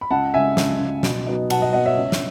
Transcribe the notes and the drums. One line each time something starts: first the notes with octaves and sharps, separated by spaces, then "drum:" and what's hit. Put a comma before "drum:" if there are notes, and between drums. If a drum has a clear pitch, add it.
B5
C#2 F#5 A5
C#3 G#3 E5 G#5
C#2, drum: snare
C#3 G#3
B2, drum: snare
F#3 B3 D#4
B2 F#5 A5, drum: cymbal
D#5 F#5
F#3 B3 D#4 D#5 F#5
C#5 E5
C#2
drum: snare